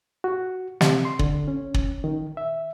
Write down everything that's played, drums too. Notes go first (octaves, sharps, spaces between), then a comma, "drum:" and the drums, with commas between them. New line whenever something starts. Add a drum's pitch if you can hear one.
F#4
C3, drum: snare
C6
D3, drum: kick
C#4
drum: kick
D#3
E5